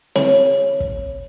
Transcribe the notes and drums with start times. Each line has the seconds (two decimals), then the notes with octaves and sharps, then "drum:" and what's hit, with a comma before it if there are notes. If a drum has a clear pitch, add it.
0.16 C#5, drum: snare C4
0.80 drum: kick